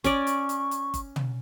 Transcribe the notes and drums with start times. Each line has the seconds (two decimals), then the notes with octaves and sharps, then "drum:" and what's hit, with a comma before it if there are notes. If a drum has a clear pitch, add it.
0.04 C#4 D5 C#6, drum: kick G1, hi-hat
0.27 drum: hi-hat
0.49 drum: hi-hat
0.71 drum: hi-hat
0.94 drum: kick G1, hi-hat
1.16 drum: tom